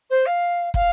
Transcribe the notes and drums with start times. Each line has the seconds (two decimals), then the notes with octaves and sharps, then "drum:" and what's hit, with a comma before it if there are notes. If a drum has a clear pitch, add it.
0.10 C5
0.25 F5
0.74 F5, drum: kick